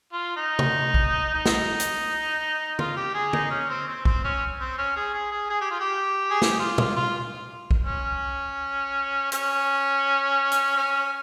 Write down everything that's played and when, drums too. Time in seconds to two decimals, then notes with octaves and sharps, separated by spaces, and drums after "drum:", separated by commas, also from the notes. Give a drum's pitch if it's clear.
0.13 F4
0.37 D#4
0.59 drum: tom C3
0.94 drum: kick B1
1.34 D#4
1.46 drum: snare
1.80 drum: hi-hat
2.79 F4, drum: tom
2.96 G4
3.14 G#4
3.33 D#4, drum: tom
3.50 C#4
3.70 C4
3.87 C4
4.05 C4, drum: kick B1
4.24 C#4
4.60 C4
4.78 C#4
4.96 G#4
5.14 G#4
5.32 G#4
5.50 G#4
5.61 G4
5.71 F4
5.80 G4
6.31 G#4
6.42 G4, drum: snare
6.59 F4
6.78 F4, drum: tom
6.96 F4
7.71 drum: kick B1
7.86 C#4
9.32 C#4, drum: hi-hat
10.52 drum: hi-hat
10.76 C#4